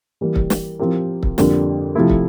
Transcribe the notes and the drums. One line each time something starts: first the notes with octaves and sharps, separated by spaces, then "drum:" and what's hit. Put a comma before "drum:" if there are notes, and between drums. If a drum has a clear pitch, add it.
E3 G3 A#3
drum: kick
drum: snare
F3 C4 G4 A#4
drum: kick
F2 D3 G3 A#3, drum: snare
C3 F3 A3 E4 A4
drum: kick